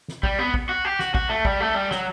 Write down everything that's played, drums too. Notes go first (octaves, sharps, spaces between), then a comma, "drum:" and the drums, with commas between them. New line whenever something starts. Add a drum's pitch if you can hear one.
drum: snare
G3, drum: kick
B3
drum: kick
F#4
G4
F#4, drum: snare
F#4, drum: kick
A3
G3, drum: kick
A3
G3
F#3, drum: snare